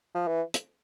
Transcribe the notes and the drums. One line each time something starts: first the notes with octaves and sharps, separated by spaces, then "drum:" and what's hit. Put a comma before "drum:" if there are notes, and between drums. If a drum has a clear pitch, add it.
F3
E3
drum: hi-hat